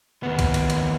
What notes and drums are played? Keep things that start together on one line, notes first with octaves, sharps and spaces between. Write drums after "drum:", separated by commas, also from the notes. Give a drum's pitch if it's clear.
D#2 B3
drum: kick B1, cymbal
drum: cymbal
drum: cymbal